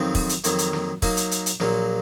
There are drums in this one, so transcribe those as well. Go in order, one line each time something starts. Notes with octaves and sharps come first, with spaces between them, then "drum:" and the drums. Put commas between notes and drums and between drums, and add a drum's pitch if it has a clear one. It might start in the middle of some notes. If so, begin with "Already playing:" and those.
Already playing: F2 D#3 F#3 C4 D#4
drum: kick, open hi-hat
drum: hi-hat
F2 D#3 F#3 A#3, drum: hi-hat
drum: hi-hat
drum: snare
F#3 A#3 D#4 A#4 F5, drum: kick, open hi-hat
drum: hi-hat
drum: hi-hat
drum: hi-hat
A#1 A#2 F#3 A#3, drum: snare